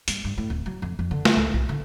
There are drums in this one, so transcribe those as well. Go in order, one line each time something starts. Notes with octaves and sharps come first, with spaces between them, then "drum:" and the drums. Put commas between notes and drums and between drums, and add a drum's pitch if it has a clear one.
G2, drum: hi-hat
G2
A2
D1
F#3
F2
F2
D3
drum: snare
C#2
B1
D3